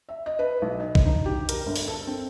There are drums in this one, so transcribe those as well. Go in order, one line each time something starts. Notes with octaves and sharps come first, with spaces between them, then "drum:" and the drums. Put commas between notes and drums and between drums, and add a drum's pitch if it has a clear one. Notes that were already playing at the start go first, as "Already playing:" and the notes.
E5
D#5
B4
B1
D#5
drum: kick
D#4
G4
A#4, drum: hi-hat
G1
drum: open hi-hat
A4
C4